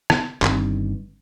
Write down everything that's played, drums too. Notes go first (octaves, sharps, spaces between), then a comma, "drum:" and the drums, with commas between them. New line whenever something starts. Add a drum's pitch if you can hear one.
drum: rim click
G1 G2 D#3 C4, drum: clap